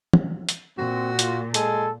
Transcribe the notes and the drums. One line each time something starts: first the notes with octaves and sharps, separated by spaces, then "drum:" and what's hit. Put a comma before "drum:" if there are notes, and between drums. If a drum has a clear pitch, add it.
drum: tom
drum: hi-hat
A#2 C4 F#4
F4, drum: hi-hat
G#3 A4, drum: hi-hat